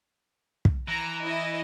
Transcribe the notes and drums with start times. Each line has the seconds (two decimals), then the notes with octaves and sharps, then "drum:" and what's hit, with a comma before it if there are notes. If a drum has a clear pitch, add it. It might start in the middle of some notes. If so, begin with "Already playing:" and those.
0.65 drum: kick
0.88 E3 A#5
1.21 E4 D#5